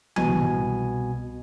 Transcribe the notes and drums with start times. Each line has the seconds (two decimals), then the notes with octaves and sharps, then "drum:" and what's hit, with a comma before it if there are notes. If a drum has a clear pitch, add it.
0.16 C2 B2 G#5, drum: tom E3